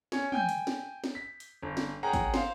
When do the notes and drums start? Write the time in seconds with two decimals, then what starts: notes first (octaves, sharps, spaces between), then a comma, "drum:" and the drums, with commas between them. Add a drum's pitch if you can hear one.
0.12 C#4, drum: snare
0.32 G5 G#5 G6, drum: tom
0.49 drum: hi-hat
0.67 drum: snare
1.04 drum: snare
1.15 B6
1.40 drum: hi-hat
1.63 G1
1.77 drum: snare
2.03 G#4 A#4 C#5 F#5 G5 A#5
2.13 drum: kick, hi-hat
2.34 C5 F5, drum: snare